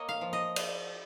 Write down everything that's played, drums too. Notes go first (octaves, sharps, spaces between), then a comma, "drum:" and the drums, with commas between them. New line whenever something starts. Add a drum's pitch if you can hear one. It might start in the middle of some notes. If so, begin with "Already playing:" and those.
Already playing: A#3 C#5 D#5
F5
F3
D#5
drum: cymbal